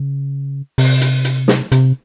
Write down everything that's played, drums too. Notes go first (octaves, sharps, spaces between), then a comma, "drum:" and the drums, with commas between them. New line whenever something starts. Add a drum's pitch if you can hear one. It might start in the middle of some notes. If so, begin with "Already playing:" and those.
Already playing: C#3
C3, drum: open hi-hat
drum: hi-hat
drum: hi-hat
drum: snare
C3, drum: hi-hat